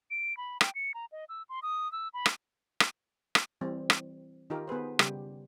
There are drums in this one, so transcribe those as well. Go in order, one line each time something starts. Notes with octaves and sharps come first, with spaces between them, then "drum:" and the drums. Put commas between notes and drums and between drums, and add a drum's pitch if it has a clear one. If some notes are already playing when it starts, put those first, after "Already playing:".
D7
B5
G5, drum: rim click
C#7
A#5
D#5
E6
C6
D#6
E6
B5
drum: rim click
drum: rim click
drum: rim click
E3 G3 C4
drum: rim click
D#3 D#4 F4 G4 A#4
B3 G#4 B4 C5
C#3 G3 G4, drum: rim click